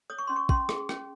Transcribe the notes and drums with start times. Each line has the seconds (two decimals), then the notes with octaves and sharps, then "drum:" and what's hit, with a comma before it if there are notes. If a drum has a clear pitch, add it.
0.10 C#5 D#6
0.18 C#6
0.27 C#4 C6
0.36 C#6
0.49 C#4 C6, drum: kick
0.69 G#4, drum: rim click
0.89 C#4, drum: rim click